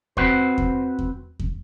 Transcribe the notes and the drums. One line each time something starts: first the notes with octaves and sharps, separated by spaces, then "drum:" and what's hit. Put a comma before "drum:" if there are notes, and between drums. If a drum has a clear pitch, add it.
C4 F#4 B4 C5, drum: kick E2
drum: kick E2
drum: kick E2
drum: kick E2